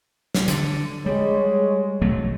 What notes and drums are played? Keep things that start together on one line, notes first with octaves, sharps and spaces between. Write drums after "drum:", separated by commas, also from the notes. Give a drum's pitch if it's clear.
drum: snare
D3, drum: hi-hat
G3 G#3 C#5
B1 F#3 A3